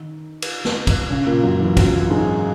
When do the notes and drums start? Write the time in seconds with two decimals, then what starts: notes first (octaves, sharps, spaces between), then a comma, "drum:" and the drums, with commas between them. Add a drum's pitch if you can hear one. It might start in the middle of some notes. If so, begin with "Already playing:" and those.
Already playing: D#3 D#4
0.42 drum: cymbal
0.65 drum: snare
0.87 drum: kick, cymbal
1.10 C#3 C#4
1.26 A#2 A#3
1.43 F#2 F#3
1.60 E3
1.77 F#2 F#3, drum: kick, cymbal
2.10 G#2 G#3